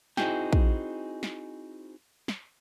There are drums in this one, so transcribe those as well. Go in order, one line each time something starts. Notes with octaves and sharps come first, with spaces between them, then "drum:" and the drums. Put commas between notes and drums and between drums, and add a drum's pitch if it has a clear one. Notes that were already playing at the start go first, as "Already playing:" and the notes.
C4 D#4 E4 F#4 G#4 G5, drum: snare
drum: kick A#1
drum: snare
drum: snare